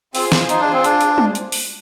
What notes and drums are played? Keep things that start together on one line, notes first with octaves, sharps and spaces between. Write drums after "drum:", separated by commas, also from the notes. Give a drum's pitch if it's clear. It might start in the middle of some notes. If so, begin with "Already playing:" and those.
C4 F4 G#4 C5, drum: open hi-hat
drum: snare
D#4, drum: hi-hat
D4
C4
D4, drum: hi-hat
drum: hi-hat
drum: tom G3
drum: hi-hat
drum: open hi-hat